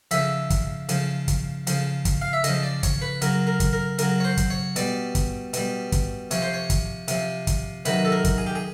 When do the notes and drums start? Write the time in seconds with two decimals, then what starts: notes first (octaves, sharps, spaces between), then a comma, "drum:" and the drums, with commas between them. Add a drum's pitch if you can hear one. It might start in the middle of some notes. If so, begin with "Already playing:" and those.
0.11 C#3 F3 E5, drum: hi-hat
0.50 drum: kick, hi-hat
0.89 C#3 F3, drum: hi-hat
1.28 drum: kick, hi-hat
1.67 C#3 F3, drum: hi-hat
2.05 drum: kick, hi-hat
2.21 F5
2.33 E5
2.44 C#3 F3 D#5, drum: hi-hat
2.63 D5
2.83 C#5, drum: kick, hi-hat
3.02 B4
3.22 C#3 F#3 A#4, drum: hi-hat
3.47 A#4
3.60 drum: kick, hi-hat
3.73 A#4
3.99 C#3 F#3 A#4, drum: hi-hat
4.20 C#5
4.25 C5
4.37 drum: kick, hi-hat
4.50 C#5
4.76 B2 G3 D5, drum: hi-hat
5.15 drum: kick, hi-hat
5.53 B2 G3, drum: hi-hat
5.92 drum: kick, hi-hat
6.31 C3 F3 C#5, drum: hi-hat
6.42 C5
6.54 C#5
6.70 drum: kick, hi-hat
7.08 C3 F3, drum: hi-hat
7.47 drum: kick, hi-hat
7.85 C3 D#3 F#3 B4, drum: hi-hat
8.05 A4
8.12 A#4
8.25 drum: kick, hi-hat
8.38 G#4
8.47 G4
8.55 G#4